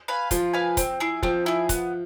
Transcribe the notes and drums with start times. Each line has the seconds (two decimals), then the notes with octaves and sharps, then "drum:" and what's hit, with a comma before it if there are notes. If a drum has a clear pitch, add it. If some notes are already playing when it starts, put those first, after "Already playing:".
0.08 B4 F5 G#5
0.31 F3 F4, drum: kick, hi-hat
0.53 B4 F5 G#5
0.77 C4, drum: kick, hi-hat
1.00 E4 G#4
1.23 F3 C4, drum: kick
1.46 E4 G#4
1.69 B3, drum: kick, hi-hat